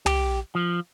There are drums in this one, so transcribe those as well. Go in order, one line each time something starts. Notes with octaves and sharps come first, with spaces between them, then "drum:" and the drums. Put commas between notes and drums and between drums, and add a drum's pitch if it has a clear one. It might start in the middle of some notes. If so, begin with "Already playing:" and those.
G4, drum: tom
F3